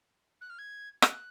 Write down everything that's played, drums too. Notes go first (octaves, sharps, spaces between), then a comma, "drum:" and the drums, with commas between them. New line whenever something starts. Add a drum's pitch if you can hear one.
F#6
F6
G#6
F#6, drum: rim click